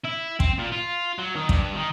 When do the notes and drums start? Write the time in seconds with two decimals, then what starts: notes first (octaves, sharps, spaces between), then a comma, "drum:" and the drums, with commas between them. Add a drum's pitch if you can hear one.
0.05 E4
0.40 C4, drum: kick
0.59 A#2
0.72 F4
1.19 F#3
1.36 D#3
1.49 G2, drum: kick
1.75 D#3